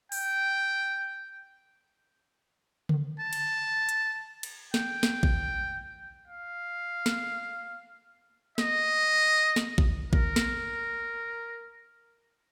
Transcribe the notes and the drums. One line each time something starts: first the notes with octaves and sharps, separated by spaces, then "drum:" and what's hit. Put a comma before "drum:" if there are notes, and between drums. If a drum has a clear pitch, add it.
G5, drum: open hi-hat
drum: tom C#3
A5
drum: cymbal
drum: hi-hat
drum: cymbal
G5, drum: snare
drum: snare
drum: kick A1
F5
drum: snare
D#5, drum: snare
drum: snare
drum: kick A1
A#4, drum: kick A1
drum: snare